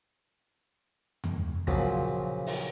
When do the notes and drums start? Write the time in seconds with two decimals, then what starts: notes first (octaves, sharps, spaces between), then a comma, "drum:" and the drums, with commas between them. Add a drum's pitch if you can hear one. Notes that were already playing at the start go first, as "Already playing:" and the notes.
1.24 drum: tom E2
1.67 A#2 C#3 F3 F#3, drum: kick
2.47 drum: open hi-hat